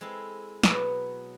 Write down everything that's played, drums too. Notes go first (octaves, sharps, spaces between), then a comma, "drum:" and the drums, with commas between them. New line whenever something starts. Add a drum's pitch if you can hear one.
G#3 C4 E4 A4
B2 F#3 B3, drum: snare